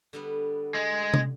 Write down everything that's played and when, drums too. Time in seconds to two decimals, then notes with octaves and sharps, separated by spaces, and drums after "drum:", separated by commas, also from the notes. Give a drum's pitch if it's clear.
0.13 D3 G3 B3
0.74 G#3
1.14 drum: tom